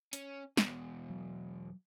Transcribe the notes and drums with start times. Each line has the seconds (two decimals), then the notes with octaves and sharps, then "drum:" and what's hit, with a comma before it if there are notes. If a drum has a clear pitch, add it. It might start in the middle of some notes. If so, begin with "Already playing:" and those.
0.13 C#4, drum: hi-hat
0.57 E2 B2, drum: snare
1.10 F#3